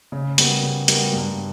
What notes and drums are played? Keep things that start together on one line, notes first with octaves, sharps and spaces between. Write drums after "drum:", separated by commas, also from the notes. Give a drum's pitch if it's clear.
C#3
G3 B3 F#4 A#4, drum: hi-hat
C#3
G3 B3 F#4 A#4, drum: hi-hat
G2